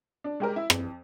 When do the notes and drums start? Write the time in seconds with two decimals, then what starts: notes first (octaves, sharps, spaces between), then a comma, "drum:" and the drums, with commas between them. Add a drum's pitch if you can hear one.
0.24 D4
0.40 G#3 G4 A#4
0.56 E4
0.70 F2, drum: rim click